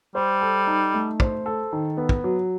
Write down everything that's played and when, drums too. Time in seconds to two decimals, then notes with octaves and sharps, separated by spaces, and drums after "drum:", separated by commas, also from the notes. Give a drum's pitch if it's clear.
0.15 G3 C5
0.41 A4
0.67 D#4
0.94 A3
1.20 C5, drum: kick
1.46 A4
1.73 D#3
1.97 B3
2.09 drum: kick
2.24 F#3